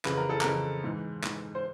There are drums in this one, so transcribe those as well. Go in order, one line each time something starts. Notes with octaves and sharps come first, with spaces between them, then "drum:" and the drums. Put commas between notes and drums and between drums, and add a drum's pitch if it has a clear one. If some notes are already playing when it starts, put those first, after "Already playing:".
F2 C#3 E3 B4, drum: clap
A#4
A4
F2 C#3 E3 A#4, drum: clap
G#2 E3
G#2 E3, drum: clap
C5